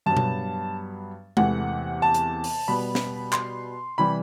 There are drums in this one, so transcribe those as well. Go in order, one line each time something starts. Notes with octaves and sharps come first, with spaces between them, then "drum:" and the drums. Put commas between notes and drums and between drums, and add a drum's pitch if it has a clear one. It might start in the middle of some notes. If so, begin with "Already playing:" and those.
G2 F#3 B3 A5
drum: tom B2
E2 C3 E3 A3 F#5, drum: tom G#3
A5
drum: hi-hat
drum: open hi-hat
B2 G3 B3 B5
drum: snare
C6, drum: clap
C3 E3 G3 B5